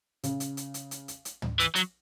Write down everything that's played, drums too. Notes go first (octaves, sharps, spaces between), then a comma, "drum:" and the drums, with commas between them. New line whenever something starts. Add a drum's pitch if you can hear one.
C#3, drum: hi-hat
drum: hi-hat
drum: hi-hat
drum: hi-hat
drum: hi-hat
drum: hi-hat
drum: hi-hat
drum: tom
E3, drum: hi-hat
F#3, drum: hi-hat